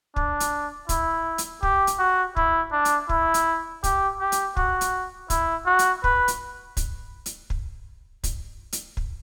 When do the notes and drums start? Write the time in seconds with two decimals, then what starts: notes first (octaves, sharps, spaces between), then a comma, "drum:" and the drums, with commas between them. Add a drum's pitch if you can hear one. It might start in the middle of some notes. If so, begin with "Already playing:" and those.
0.16 D4, drum: kick
0.40 drum: hi-hat
0.89 E4, drum: kick, hi-hat
1.38 drum: hi-hat
1.63 G4, drum: kick
1.87 drum: hi-hat
1.99 F#4
2.37 E4, drum: kick
2.72 D4
2.85 drum: hi-hat
3.09 E4, drum: kick
3.34 drum: hi-hat
3.84 G4, drum: kick, hi-hat
4.20 G4
4.32 drum: hi-hat
4.57 F#4, drum: kick
4.81 drum: hi-hat
5.30 E4, drum: kick, hi-hat
5.66 F#4
5.79 drum: hi-hat
6.04 B4, drum: kick
6.28 drum: hi-hat
6.77 drum: kick, hi-hat
7.26 drum: hi-hat
7.50 drum: kick
8.24 drum: kick, hi-hat
8.73 drum: hi-hat
8.97 drum: kick